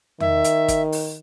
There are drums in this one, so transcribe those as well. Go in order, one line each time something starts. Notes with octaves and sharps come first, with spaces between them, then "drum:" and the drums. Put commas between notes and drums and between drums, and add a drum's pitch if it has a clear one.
D#3 E5, drum: tom E2
drum: hi-hat
drum: kick, hi-hat
drum: open hi-hat